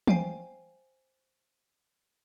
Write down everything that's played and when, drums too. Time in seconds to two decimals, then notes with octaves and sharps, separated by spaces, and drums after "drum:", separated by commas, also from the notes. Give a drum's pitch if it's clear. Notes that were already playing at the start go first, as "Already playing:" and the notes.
0.07 C5 F5 G5 G#5 C7 D7, drum: tom E3